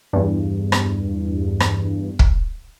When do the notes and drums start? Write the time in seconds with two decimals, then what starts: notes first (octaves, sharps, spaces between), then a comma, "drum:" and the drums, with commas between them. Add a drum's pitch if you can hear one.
0.13 E2 G2
0.72 drum: rim click
1.60 drum: rim click
2.19 drum: kick